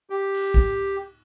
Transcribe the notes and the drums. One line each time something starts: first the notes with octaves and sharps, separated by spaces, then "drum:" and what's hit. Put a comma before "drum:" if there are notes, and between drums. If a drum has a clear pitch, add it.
G4
drum: cymbal
drum: kick